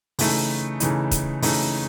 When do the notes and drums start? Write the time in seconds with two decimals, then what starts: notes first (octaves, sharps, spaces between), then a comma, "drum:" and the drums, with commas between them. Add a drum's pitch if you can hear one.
0.19 C#3 E3 A3 D#4, drum: open hi-hat
0.80 C#3 E3 A3 D#4, drum: hi-hat
1.11 drum: kick, hi-hat
1.42 C#3 E3 A3 D#4, drum: open hi-hat